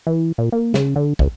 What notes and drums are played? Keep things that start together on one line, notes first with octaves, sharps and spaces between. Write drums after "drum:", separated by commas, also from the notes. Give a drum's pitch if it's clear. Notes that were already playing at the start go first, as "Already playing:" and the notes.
E3
A#2
A#3
C#3, drum: snare
D3
C#2, drum: kick